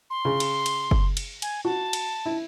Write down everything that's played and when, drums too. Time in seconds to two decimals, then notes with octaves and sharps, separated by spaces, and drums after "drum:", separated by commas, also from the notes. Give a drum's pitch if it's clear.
0.10 C6
0.25 C#3
0.40 drum: cymbal
0.66 drum: cymbal
0.91 drum: kick F#1
1.17 drum: cymbal
1.42 G#5, drum: cymbal
1.65 F#4 A5
1.93 drum: cymbal
2.26 E4